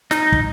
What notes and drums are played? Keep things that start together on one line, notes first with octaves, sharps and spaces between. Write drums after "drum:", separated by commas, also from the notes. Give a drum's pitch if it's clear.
D#4, drum: snare
drum: kick